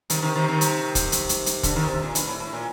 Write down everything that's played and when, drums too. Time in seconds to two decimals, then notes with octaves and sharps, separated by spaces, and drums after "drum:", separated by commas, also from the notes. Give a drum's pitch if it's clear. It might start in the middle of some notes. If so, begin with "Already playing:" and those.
0.10 C3 D#3, drum: hi-hat
0.22 C3 D#3
0.36 C3 D#3
0.48 C3 D#3
0.61 drum: hi-hat
0.95 drum: kick, hi-hat
1.12 drum: hi-hat
1.29 drum: hi-hat
1.46 drum: hi-hat
1.63 D3, drum: kick, hi-hat
1.76 C3 D#3
1.89 C3
2.02 A#2
2.15 G2, drum: hi-hat
2.28 A2
2.40 A2
2.53 A#2